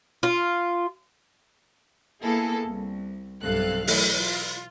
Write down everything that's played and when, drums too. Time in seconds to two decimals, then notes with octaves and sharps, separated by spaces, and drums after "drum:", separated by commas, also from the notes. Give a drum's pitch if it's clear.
0.23 F4
2.22 A#3 B3 E4 G#4 A4
2.66 C2
3.43 B1 G2 C3 A4 F5 F#6
3.87 E3 F#3 A3, drum: open hi-hat
4.19 F4